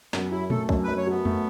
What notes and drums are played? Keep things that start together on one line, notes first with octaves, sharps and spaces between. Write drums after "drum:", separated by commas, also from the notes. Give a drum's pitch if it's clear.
F#2 B3, drum: snare
F#3 E4
A3 A4, drum: tom A#2
F#2, drum: kick
F#2 B4
C#5
F#3 B3
A3, drum: tom E2